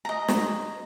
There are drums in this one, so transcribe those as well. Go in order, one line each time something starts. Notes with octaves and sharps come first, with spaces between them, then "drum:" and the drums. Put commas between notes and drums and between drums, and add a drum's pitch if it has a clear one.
D#5 A#5
drum: snare